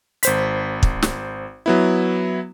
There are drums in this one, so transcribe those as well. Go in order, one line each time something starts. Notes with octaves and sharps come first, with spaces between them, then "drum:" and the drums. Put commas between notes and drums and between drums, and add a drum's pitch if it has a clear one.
G#1 C5 B6, drum: hi-hat
drum: kick
drum: snare
F#3 B3 E4